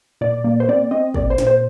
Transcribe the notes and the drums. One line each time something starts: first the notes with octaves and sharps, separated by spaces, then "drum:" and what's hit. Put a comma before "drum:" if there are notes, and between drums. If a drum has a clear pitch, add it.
A#2 D5
A#3
C5
C4 D5
C4 D#5
A#2 D5, drum: kick
C5
A#2, drum: snare
C5